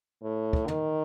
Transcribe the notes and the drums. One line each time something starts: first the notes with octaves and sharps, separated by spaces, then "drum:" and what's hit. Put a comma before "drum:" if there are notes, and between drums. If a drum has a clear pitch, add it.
A2
drum: kick
D#3, drum: tom